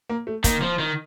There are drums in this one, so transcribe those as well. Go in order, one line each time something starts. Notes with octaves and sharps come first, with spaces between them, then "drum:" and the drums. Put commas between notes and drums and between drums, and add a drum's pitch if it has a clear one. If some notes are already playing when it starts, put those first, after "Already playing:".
A#3
A3
D#3 A#3, drum: kick, hi-hat
F3
D#3